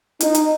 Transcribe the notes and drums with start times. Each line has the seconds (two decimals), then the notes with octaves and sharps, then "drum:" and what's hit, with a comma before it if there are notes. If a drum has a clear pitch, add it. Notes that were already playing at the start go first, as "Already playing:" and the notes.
0.20 D#4, drum: hi-hat
0.35 drum: hi-hat